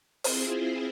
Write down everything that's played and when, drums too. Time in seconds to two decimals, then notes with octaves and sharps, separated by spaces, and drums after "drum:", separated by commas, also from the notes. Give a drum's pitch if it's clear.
0.24 C4 E4 F4 G#4 C5, drum: open hi-hat